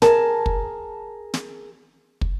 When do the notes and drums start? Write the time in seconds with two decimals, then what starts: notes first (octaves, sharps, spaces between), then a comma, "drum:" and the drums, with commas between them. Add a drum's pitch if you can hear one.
0.02 G#4 A#4 A5, drum: snare
0.46 drum: kick
1.34 drum: snare
2.21 drum: kick